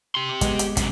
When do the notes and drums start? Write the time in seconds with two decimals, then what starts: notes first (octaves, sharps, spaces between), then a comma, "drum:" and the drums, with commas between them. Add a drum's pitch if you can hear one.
0.15 G4 C6
0.29 D6
0.41 G#3 B3, drum: kick, hi-hat
0.59 drum: hi-hat
0.77 F#2 C3, drum: kick, hi-hat